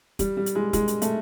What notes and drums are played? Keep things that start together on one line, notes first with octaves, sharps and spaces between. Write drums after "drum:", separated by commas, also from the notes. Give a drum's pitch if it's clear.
G3, drum: kick, hi-hat
G3
drum: hi-hat
G#3
G#3, drum: kick, hi-hat
drum: hi-hat
A3, drum: hi-hat